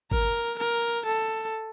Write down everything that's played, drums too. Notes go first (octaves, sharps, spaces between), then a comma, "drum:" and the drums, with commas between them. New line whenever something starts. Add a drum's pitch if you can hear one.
A#4, drum: kick G#1
A#4
A4